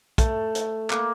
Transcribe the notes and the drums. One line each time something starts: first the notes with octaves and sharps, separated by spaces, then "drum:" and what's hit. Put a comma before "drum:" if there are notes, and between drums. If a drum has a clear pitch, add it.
A3, drum: kick, hi-hat
drum: hi-hat
A#3, drum: clap